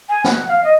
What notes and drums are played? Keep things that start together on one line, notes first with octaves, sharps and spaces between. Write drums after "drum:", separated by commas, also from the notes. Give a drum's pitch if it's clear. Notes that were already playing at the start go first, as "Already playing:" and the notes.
G#5
F#5, drum: snare
F5
D#5